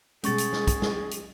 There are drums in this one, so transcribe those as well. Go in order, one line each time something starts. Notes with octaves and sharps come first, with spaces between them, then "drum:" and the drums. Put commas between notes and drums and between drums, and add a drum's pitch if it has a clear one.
B2 G3 G#3 C#4 G#4 C#6 A6, drum: hi-hat
drum: hi-hat
drum: snare
drum: kick, hi-hat
drum: snare
drum: hi-hat